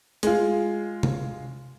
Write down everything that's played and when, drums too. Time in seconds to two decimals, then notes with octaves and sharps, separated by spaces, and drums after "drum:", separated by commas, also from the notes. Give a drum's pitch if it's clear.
0.23 G#3 F4, drum: hi-hat
1.03 drum: tom C3